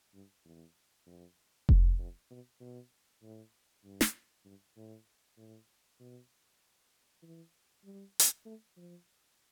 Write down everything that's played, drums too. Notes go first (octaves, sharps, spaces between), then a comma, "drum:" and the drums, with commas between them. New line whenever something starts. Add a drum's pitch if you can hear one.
G2
E2
F2
F2, drum: kick F1
F2
B2
B2
A2
G2
drum: snare
G2
A2
A2
B2
E3
G3
drum: hi-hat
A3
F3